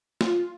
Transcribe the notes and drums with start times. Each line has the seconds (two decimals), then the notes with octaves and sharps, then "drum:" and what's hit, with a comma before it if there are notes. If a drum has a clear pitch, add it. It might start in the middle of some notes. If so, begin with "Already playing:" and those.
0.21 F4, drum: snare